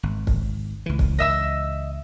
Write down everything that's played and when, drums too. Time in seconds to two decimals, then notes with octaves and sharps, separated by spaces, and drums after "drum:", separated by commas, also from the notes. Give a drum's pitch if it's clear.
0.03 G#1
0.27 drum: kick
0.86 C#2 E3
0.99 drum: kick
1.19 D#5 E5 E6